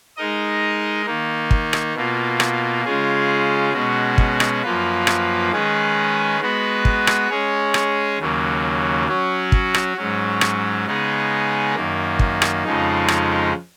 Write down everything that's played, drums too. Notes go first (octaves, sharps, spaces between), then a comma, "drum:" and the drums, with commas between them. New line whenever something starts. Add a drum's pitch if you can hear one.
G#3 D#4 A#4 D#5
D#3 A#3 D#4
drum: kick
drum: rim click
B2 A#3 F4
drum: rim click
C#3 G#3 C#4 F4 G#4
B2 G#3 C#4 F#4
drum: kick
drum: rim click
F#2 F3 A#3 F4 B4
drum: rim click
D#3 G#3 C#4 G#4 B4
G#3 B3 F#4 B4
drum: kick
drum: rim click
G#3 C#4 G#4 C#5
drum: rim click
D#2 C#3 F#3 A#3
F#3 C#4 F#4
drum: kick
drum: rim click
G#2 F#3 C#4
drum: rim click
C#3 G#3 B3 D#4 G#4
F#2 D#3 A#3
drum: kick
drum: rim click
F2 C#3 F3 G#3 D#4
drum: rim click